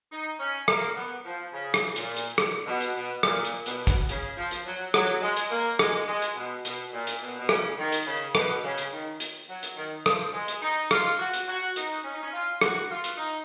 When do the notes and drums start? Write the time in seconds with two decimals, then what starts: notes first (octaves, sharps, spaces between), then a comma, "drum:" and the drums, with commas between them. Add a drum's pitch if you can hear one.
0.11 D#4
0.39 C#4
0.68 A#3, drum: rim click
0.96 B3
1.24 F3
1.52 C#3
1.74 drum: rim click
1.96 A#2, drum: hi-hat
2.17 drum: hi-hat
2.38 drum: rim click
2.66 B2
2.81 drum: hi-hat
2.95 B2
3.23 A#2, drum: rim click
3.44 drum: hi-hat
3.66 B2, drum: hi-hat
3.87 drum: kick, hi-hat
4.09 C#3, drum: hi-hat
4.37 F3
4.51 drum: hi-hat
4.66 F#3
4.94 F#3, drum: rim click
5.22 G#3
5.36 drum: hi-hat
5.50 A#3
5.79 G#3, drum: rim click
6.07 G#3
6.22 drum: hi-hat
6.35 B2
6.65 B2, drum: hi-hat
6.93 A#2
7.07 drum: hi-hat
7.22 B2
7.39 B2
7.49 C#3, drum: rim click
7.78 D#3
7.92 drum: hi-hat
8.07 C#3
8.35 B2, drum: rim click
8.64 C#3
8.78 drum: hi-hat
8.92 D#3
9.20 drum: hi-hat
9.49 F#3
9.63 drum: hi-hat
9.76 D#3
10.06 F3, drum: rim click
10.34 G#3
10.48 drum: hi-hat
10.62 D#4
10.91 F4, drum: rim click
11.19 F#4
11.33 drum: hi-hat
11.48 F#4
11.76 D#4, drum: hi-hat
12.04 C#4
12.14 D#4
12.22 C#4
12.33 F4
12.61 F#4, drum: rim click
12.90 F4
13.04 drum: hi-hat
13.18 D#4